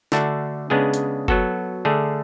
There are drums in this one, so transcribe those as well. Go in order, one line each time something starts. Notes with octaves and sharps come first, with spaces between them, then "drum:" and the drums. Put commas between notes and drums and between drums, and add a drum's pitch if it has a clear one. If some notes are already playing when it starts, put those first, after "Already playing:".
D3 A3 D4 F#4, drum: snare
C#3 G#3 B3 D4 G#4
drum: hi-hat
F#3 B3 F#4 A4, drum: kick F#1
D3 A3 D4 G#4